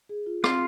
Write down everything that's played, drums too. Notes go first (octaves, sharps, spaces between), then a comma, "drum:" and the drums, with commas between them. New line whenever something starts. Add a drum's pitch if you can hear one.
G#4
F4
C4 F4, drum: rim click